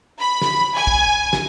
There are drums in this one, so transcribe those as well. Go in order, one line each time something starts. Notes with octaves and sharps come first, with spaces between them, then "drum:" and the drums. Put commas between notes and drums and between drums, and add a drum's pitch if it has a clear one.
B5
drum: snare
G#5
drum: kick
drum: snare